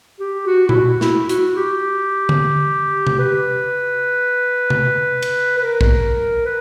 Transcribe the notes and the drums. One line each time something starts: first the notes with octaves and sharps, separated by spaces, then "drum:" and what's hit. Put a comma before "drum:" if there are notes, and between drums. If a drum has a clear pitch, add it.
G4
F#4
E4, drum: tom A#2
F#4
E4, drum: snare
F#4, drum: hi-hat
G4
drum: tom
drum: tom C3
B4
drum: tom C3
drum: cymbal
B4
A#4
drum: kick
B4